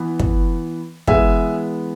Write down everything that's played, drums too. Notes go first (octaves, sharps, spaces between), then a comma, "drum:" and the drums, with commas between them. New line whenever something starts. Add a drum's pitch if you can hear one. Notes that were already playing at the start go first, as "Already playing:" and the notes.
Already playing: E3 B3
drum: kick
E3 G#3 B3 E5 G#5, drum: kick